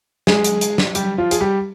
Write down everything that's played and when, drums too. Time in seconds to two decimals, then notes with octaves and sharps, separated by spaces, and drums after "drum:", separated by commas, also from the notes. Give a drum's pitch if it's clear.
0.27 G#3 G#4, drum: snare
0.44 drum: hi-hat
0.61 drum: hi-hat
0.78 drum: snare
0.95 G3 G4, drum: hi-hat
1.18 F3 F4
1.31 G#4, drum: hi-hat
1.40 G3 G4